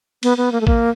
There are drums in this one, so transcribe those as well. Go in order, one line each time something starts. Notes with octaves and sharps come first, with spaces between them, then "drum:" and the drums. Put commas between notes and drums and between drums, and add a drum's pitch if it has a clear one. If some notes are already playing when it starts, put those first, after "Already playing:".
B3, drum: cymbal
B3
A#3
A3
A#3, drum: kick A1